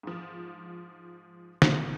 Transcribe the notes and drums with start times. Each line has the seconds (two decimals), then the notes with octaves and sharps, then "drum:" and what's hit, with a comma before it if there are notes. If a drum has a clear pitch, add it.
0.03 G#2 F3
1.62 drum: snare